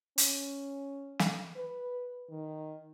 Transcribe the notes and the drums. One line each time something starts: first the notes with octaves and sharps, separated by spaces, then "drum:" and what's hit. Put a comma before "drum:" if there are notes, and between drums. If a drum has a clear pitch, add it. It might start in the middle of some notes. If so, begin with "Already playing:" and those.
C#4, drum: hi-hat
drum: snare
B4
D#3